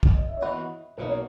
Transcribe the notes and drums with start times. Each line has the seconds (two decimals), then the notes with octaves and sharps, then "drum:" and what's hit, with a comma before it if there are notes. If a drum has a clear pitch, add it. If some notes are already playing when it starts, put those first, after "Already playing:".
0.03 drum: kick
0.14 D#5
0.28 E5
0.37 C#5
0.42 E3 B3 F#4 B4 D#5
0.98 B1 B2 F#3 A#3 D#4 B4
1.08 C#5